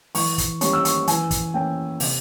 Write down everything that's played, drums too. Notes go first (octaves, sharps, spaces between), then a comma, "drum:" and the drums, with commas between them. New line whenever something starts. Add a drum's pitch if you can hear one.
E3 C#6, drum: open hi-hat
drum: kick, hi-hat
G3 A#3 C#4 C#6, drum: hi-hat
E6
C#6, drum: hi-hat
E3 G#5, drum: hi-hat
drum: kick, hi-hat
A#3 C#4 G5
C3, drum: open hi-hat